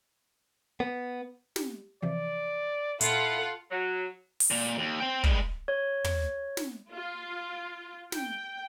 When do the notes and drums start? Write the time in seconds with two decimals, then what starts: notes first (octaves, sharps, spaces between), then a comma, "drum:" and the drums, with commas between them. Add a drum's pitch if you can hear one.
0.80 B3
1.56 G4, drum: snare
2.02 C3 E3 F3 D5
3.01 A#2 E4 F4 A4 F#5, drum: hi-hat
3.71 F#3
4.40 drum: open hi-hat
4.51 A#2
4.78 D#2
5.00 C5 G5
5.24 G2 G#3, drum: kick
5.68 C#5
6.04 drum: tom
6.57 drum: snare
6.93 F4
8.12 G5, drum: snare